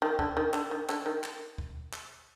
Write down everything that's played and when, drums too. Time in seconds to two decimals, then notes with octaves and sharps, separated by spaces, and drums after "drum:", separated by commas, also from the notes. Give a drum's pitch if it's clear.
0.02 D#3
0.19 D3, drum: kick D2
0.37 D#3
0.53 D3, drum: clap
0.71 D#3
0.89 D3, drum: clap
1.06 D#3
1.24 drum: clap
1.58 drum: kick D2
1.93 drum: clap